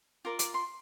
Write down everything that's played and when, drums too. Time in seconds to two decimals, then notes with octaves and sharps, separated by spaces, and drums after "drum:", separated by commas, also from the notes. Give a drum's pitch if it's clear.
0.25 F4 A#4 D5 D6
0.39 D6, drum: hi-hat
0.54 C6